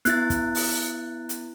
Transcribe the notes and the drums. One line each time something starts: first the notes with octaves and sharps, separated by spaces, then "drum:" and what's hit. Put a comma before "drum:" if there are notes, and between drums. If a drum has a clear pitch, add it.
B3 E4 F#6 A6, drum: hi-hat
drum: kick, hi-hat
drum: open hi-hat
drum: hi-hat